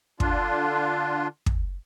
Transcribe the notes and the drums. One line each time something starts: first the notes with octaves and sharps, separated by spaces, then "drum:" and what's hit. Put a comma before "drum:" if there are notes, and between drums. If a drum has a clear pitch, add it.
D3 D4 F4, drum: kick
drum: kick